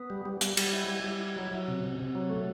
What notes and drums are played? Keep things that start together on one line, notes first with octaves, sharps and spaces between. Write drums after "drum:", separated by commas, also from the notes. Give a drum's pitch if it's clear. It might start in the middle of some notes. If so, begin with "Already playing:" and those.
Already playing: B3
G3
G3
G3, drum: hi-hat
G3, drum: cymbal
E4
G3
G3
E4
F#3
F#3
C3
C3
C3
F#3
A3